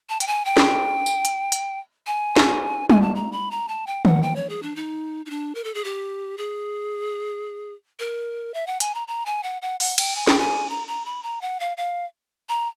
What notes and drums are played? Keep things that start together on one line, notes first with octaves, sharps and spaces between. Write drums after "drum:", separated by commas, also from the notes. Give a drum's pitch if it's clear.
A5
G5, drum: hi-hat
G#5
G5
drum: snare
drum: tambourine
drum: hi-hat
drum: hi-hat
G#5
drum: snare
G#5, drum: tom G3
A5
A#5
B5
A#5
A5
G5
F#5, drum: tom D#3
G5
C#5
G#4
D4
D#4
D#4
D4
A#4
A4
G#4
G4
G#4
A#4
E5
F#5
G#5, drum: hi-hat
A#5
A#5
G#5
F#5
F#5
F#5, drum: open hi-hat
G5, drum: cymbal
G#5
G5, drum: snare
G#5
A#5
A#5
B5
A#5
F#5
F5
F5
A#5